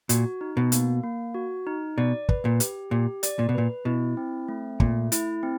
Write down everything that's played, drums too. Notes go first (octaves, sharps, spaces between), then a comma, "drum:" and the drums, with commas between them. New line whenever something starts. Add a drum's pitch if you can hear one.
A#2 F#4, drum: hi-hat
D#4
B2
A#3, drum: hi-hat
A#3
F#4
D#4
B2 D5
B4, drum: kick
A#2
G4, drum: hi-hat
A#2 G4
D5, drum: hi-hat
A#2
B2
A#2 B4
B2 E4
C4
A3
A#2 A3, drum: kick
E4, drum: hi-hat
C4